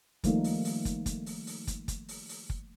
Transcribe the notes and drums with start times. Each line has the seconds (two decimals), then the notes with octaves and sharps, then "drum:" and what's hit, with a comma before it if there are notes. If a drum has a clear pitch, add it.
0.24 D#3 F3 G3 A3 A#3 D#4, drum: kick, hi-hat
0.44 drum: open hi-hat
0.65 drum: open hi-hat
0.85 drum: kick, hi-hat
1.06 drum: kick, hi-hat
1.26 drum: open hi-hat
1.47 drum: open hi-hat
1.67 drum: kick, hi-hat
1.88 drum: kick, hi-hat
2.08 drum: open hi-hat
2.29 drum: open hi-hat
2.50 drum: kick